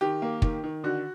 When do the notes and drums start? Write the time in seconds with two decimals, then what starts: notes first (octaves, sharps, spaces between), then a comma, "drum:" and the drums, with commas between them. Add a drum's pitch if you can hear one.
0.01 D#3 G4
0.22 A#3
0.42 D#3, drum: kick
0.64 D#3
0.84 D3 F#4